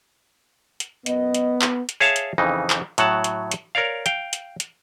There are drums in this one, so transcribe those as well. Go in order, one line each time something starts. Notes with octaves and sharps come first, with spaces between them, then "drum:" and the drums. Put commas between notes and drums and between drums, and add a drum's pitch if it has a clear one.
drum: hi-hat
F#2 B3 D#5, drum: hi-hat
drum: hi-hat
drum: clap
drum: hi-hat
G#4 C#5 E5 F5 A5
drum: hi-hat
F2 C#3 E3 D#4
drum: clap
A2 F#3 F#5 A5, drum: hi-hat
drum: hi-hat
drum: hi-hat
A#4 C#5 D5 F5
F5 G5, drum: hi-hat
drum: hi-hat
drum: hi-hat